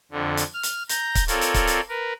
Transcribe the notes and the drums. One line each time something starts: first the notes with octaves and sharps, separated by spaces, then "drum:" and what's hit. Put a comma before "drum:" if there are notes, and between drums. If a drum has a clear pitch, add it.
F2 D3
drum: hi-hat
F6
drum: hi-hat
A#5 G6, drum: hi-hat
drum: kick C#1, hi-hat
C4 F4 A4 A#4 C#5 D5, drum: hi-hat
drum: hi-hat
drum: kick C#1, hi-hat
drum: hi-hat
A#4 B4